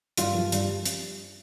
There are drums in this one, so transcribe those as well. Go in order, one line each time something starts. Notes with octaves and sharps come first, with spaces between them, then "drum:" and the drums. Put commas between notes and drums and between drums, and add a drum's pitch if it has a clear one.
G2 F4, drum: hi-hat
F3
G2, drum: hi-hat
drum: hi-hat